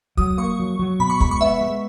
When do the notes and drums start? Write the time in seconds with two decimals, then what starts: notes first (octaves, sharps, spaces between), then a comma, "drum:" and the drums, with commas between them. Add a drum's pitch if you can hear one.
0.17 F#3 D#6, drum: kick
0.38 A#3 C#6
0.59 F#3
0.79 F#3
0.99 B2 B5
1.10 C#6
1.20 G#3 B5, drum: kick
1.31 C#6
1.41 B3 E5
1.61 G#3